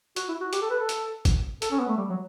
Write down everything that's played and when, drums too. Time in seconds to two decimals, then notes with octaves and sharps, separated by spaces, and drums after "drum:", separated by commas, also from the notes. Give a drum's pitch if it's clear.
0.16 F#4, drum: hi-hat
0.28 E4
0.41 F#4
0.53 G4, drum: hi-hat
0.62 A4
0.70 B4
0.79 A4
0.89 drum: hi-hat
1.25 drum: kick, hi-hat
1.62 A4, drum: hi-hat
1.71 C#4
1.80 B3
1.89 A3
1.98 G3
2.10 F#3